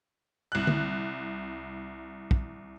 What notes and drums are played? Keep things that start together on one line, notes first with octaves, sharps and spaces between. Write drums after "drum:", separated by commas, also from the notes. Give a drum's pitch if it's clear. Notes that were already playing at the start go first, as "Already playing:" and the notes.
C2 F#6
drum: tom D3
drum: kick